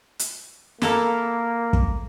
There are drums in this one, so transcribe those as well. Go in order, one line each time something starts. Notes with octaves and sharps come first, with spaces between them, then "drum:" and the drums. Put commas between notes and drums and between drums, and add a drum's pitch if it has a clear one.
drum: hi-hat
A#3 E4 A4 A#4, drum: snare
drum: kick